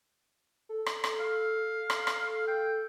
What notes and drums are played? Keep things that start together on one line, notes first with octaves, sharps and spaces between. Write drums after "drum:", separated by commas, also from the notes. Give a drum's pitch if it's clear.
A4
drum: rim click
drum: rim click
F5
drum: rim click
drum: rim click
G5